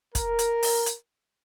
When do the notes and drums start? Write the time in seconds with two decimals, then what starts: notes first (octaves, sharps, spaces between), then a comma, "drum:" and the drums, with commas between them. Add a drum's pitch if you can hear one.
0.15 A#4, drum: kick, hi-hat
0.39 drum: hi-hat
0.63 drum: open hi-hat
0.86 drum: hi-hat